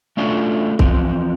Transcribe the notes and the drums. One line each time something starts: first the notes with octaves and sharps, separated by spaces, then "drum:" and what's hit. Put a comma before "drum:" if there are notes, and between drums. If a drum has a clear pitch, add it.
A3 C#4 D4 F4 F#4 A4
E3 F3 C4, drum: kick C2